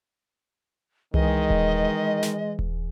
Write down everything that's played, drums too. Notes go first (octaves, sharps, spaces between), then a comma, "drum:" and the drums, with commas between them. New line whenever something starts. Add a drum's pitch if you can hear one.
D#3 E3 G#3 G#4 D#5, drum: tom C2
drum: kick D#1
drum: snare
drum: kick D#1